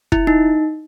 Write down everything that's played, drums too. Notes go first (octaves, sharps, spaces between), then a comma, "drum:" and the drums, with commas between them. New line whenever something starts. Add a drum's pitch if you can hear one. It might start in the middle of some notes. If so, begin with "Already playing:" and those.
E4, drum: kick
D#4